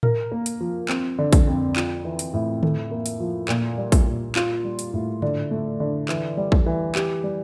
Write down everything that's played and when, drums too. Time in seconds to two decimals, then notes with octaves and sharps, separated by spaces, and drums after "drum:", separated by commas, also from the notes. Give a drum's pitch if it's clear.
0.03 A#4, drum: tom A2
0.32 A#3
0.46 drum: hi-hat
0.61 F3
0.89 C4, drum: clap
1.18 D3
1.33 drum: kick, hi-hat
1.47 F2
1.76 F4, drum: clap
2.05 E3
2.19 drum: hi-hat
2.33 A2
2.63 A4, drum: tom D3
2.91 A#3
3.06 drum: hi-hat
3.20 F3
3.49 A#2, drum: clap
3.78 G3
3.92 drum: kick, hi-hat
4.06 A#2
4.36 F4, drum: clap
4.64 G3
4.79 drum: hi-hat
4.93 A2
5.22 D3, drum: tom G#2
5.51 A3
5.80 D3
6.09 E3, drum: clap
6.37 G3
6.52 drum: kick
6.66 E3
6.95 G4, drum: clap
7.24 G3